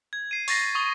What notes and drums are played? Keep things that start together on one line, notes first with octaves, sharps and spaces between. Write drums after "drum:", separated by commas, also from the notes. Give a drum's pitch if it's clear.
G#6
C7 D#7
C#6 A6 A#6 C7, drum: open hi-hat
C#6 D#6 G7